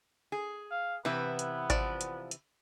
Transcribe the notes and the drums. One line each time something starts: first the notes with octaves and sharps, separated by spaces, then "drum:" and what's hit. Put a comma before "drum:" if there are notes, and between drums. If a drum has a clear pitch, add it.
G#4
F5
C3 E3 B3 E4 B4
drum: hi-hat
F3 D5, drum: kick G#1, hi-hat
drum: hi-hat
drum: hi-hat